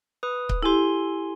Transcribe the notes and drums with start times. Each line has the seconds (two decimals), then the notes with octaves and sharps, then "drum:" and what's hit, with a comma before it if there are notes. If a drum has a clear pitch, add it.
0.23 B4 D#6
0.49 drum: kick C#1
0.63 E4 G4 A4 G#5 C6